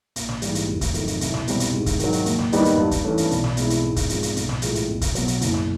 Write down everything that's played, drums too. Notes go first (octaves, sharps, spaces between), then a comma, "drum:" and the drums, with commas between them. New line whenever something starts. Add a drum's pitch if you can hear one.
A#1, drum: hi-hat
drum: snare
G#2 E3 G3, drum: hi-hat
drum: hi-hat
F1
drum: kick C#1, hi-hat
F2 C3 D#3 F#3, drum: hi-hat
drum: hi-hat
C2, drum: hi-hat
drum: snare
B2 G3 C4, drum: hi-hat
drum: hi-hat
G#2
drum: kick C#1, hi-hat
D#3 F#3, drum: hi-hat
drum: hi-hat
D#2, drum: hi-hat
drum: snare
D#3 G3 B3 D#4, drum: hi-hat
drum: hi-hat
G2
drum: kick C#1, hi-hat
E3 A3 C#4
drum: hi-hat
B1, drum: hi-hat
drum: snare
B2 G#3 C4 E4, drum: hi-hat
drum: hi-hat
G#2
drum: kick C#1, hi-hat
F3 G#3 C4, drum: hi-hat
drum: hi-hat
B1, drum: hi-hat
drum: snare
A2 F3 G#3, drum: hi-hat
drum: hi-hat
B1
drum: kick C#1, hi-hat
B2 F#3, drum: hi-hat
drum: hi-hat
F#1, drum: hi-hat
drum: snare